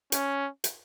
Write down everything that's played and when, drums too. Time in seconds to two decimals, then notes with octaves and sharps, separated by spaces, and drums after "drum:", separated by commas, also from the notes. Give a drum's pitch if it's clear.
0.12 C#4, drum: hi-hat
0.64 drum: hi-hat